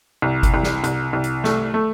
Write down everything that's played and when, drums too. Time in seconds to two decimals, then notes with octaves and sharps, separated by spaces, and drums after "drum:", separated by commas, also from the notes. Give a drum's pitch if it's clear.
0.22 C2
0.43 drum: kick G1, hi-hat
0.54 C2
0.63 drum: snare
0.84 C2, drum: hi-hat
1.13 C2
1.24 drum: hi-hat
1.44 A3, drum: snare
1.74 A3